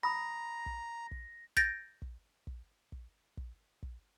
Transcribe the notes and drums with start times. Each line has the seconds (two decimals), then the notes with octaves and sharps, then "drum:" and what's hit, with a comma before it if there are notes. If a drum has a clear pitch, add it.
0.03 A#5 B5 D#6 A#6
0.66 drum: kick
1.11 drum: kick
1.57 G6 A6 A#6 D7, drum: kick
2.02 drum: kick
2.47 drum: kick
2.92 drum: kick
3.37 drum: kick
3.83 drum: kick